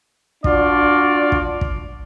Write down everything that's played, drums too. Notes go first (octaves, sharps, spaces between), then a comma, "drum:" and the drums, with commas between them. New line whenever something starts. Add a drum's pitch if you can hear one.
D4 F4 F#4 D5, drum: kick
drum: kick
drum: kick